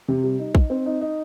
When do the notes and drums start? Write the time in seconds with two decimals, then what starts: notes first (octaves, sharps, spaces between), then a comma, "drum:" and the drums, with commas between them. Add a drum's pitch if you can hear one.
0.08 C3
0.24 G3
0.39 D#4
0.55 D#4, drum: kick A#1
0.70 C4
0.86 D#4
1.01 D#4